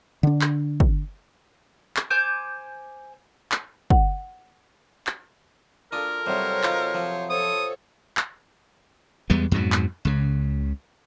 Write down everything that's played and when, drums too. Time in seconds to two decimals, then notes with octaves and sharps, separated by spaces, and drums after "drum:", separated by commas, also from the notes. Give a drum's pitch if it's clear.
0.23 D3 D4
0.41 drum: clap
0.80 drum: kick
1.97 drum: clap
2.10 C5 G#5 D6 G6
3.52 drum: clap
3.90 F#5, drum: kick
5.07 drum: clap
5.92 D4 F4 A4 A#4 D#6
6.26 C3 F#3 G3 C5 C#5
6.63 D#4 F4, drum: clap
6.94 F3
7.30 F4 A4 C5 C#5 D#6
8.17 drum: clap
9.30 E2 G3 G#3 B3
9.52 F2 G#2 B2 F#3
9.72 drum: clap
10.05 C#2 C#3